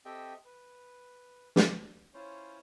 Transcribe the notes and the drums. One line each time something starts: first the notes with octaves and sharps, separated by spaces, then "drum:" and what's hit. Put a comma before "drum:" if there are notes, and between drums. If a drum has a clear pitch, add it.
C4 G4 A4 D#5 E5 G5
B4
drum: snare
C#4 E4 F4 C5 C#5